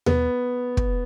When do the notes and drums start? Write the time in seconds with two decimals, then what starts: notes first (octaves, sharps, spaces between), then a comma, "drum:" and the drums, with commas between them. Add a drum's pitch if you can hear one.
0.06 B3, drum: tom D#2
0.77 drum: kick